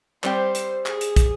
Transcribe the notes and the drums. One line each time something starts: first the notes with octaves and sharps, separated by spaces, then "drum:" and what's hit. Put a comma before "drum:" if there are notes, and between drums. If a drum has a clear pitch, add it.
G3 C4 G4 C5, drum: clap
drum: hi-hat
G#4, drum: clap
drum: hi-hat
drum: kick, hi-hat